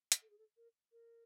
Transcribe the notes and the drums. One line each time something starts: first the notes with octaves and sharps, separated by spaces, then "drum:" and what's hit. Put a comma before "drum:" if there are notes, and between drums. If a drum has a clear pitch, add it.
drum: hi-hat
A4
G#4
A4
A#4
A#4